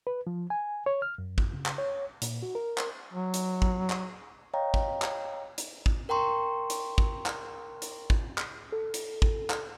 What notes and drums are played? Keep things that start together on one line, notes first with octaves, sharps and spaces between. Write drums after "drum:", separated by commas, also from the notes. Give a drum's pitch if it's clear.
B4
F3
G#5
C#5
F6
F#2
drum: kick
C#3
drum: clap
C#5
A#2, drum: hi-hat
F#4
A#4
drum: clap
F#3
drum: hi-hat
drum: kick
drum: clap
C#5 D#5 F5 G5 A#5
drum: kick
drum: clap
drum: hi-hat
drum: kick
A#4 G5 A#5 C6 C#6
drum: hi-hat
drum: kick
drum: clap
drum: hi-hat
drum: kick
drum: clap
A4
drum: hi-hat
drum: kick
drum: clap